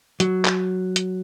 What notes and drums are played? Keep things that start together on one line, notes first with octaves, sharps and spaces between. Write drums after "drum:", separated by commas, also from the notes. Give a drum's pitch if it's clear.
F#3, drum: hi-hat
drum: clap
drum: hi-hat